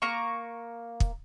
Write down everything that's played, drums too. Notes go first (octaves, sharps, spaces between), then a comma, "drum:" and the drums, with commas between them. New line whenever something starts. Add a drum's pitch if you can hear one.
A#3 A#5 C#6
drum: kick